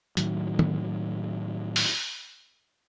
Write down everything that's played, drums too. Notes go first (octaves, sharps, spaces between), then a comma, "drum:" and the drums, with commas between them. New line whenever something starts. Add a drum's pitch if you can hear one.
A2 D#3 F#3, drum: hi-hat
drum: tom
drum: open hi-hat